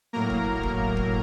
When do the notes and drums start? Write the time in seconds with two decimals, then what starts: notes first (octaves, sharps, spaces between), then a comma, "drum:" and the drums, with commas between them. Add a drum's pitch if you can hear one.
0.13 A2 F#3 A#3 A#4 A#5
0.30 drum: kick
0.63 drum: kick
0.97 drum: kick